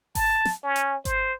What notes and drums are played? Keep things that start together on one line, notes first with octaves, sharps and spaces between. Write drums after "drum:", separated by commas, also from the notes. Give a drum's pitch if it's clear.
A5, drum: kick G#1, open hi-hat
drum: snare
C#4
drum: hi-hat
C5, drum: kick G#1, hi-hat